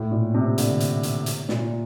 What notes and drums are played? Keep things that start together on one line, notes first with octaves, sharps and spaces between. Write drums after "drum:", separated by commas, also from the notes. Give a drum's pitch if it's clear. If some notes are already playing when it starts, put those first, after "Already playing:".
Already playing: A2
A#2
C3
D3, drum: hi-hat
drum: hi-hat
drum: hi-hat
drum: hi-hat
A#2, drum: snare